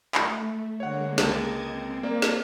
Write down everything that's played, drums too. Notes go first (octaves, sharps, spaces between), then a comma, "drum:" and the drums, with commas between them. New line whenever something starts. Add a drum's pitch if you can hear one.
A3, drum: clap
D3 G#3 A#3 C#5 F#5
C#2 G#3 A#3 D#5 A5 G#6, drum: snare
C4
A#3 D5
drum: snare